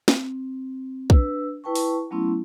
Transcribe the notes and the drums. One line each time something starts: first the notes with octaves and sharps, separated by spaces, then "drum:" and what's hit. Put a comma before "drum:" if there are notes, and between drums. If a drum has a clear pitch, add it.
C4, drum: snare
D4 B4 E6, drum: kick
E4 B4 G5 A5 C#6
drum: open hi-hat
F#3 A3 B3 C#4 E4 C6